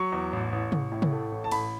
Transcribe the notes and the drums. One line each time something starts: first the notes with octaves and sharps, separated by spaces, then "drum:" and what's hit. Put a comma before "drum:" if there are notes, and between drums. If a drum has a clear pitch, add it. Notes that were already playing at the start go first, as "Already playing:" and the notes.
Already playing: F#3 C#6
E2
A1
A1
A1, drum: tom C3
A2
drum: tom C3
A3
A1
A5
A1 B5, drum: cymbal